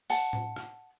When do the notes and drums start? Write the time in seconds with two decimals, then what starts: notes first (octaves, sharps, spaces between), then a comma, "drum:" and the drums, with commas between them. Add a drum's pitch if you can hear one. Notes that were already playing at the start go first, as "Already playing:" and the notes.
0.10 F#5 A5, drum: open hi-hat
0.33 drum: tom A2
0.56 drum: rim click